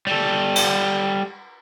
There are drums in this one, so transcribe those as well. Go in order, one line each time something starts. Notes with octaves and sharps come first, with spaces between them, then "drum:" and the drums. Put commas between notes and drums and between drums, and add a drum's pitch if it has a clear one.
G3 A4
drum: cymbal